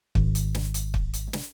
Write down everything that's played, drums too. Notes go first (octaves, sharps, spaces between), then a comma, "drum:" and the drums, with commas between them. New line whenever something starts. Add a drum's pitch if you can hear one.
G#1, drum: kick
drum: hi-hat
drum: snare
drum: hi-hat
drum: kick
drum: hi-hat
drum: snare